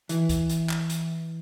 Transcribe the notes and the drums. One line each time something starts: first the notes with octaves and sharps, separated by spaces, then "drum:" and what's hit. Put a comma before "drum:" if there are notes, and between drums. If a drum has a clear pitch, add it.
E3, drum: hi-hat
drum: kick, hi-hat
drum: hi-hat
drum: clap
drum: hi-hat